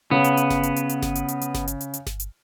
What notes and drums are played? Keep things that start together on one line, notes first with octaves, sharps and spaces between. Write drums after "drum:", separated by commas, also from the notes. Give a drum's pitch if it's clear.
C#3 B3
drum: hi-hat
drum: hi-hat
drum: snare G1
drum: hi-hat
drum: hi-hat
drum: hi-hat
drum: snare G1
drum: hi-hat
drum: hi-hat
drum: hi-hat
drum: snare G1
drum: hi-hat
drum: hi-hat
drum: hi-hat
drum: snare G1
drum: hi-hat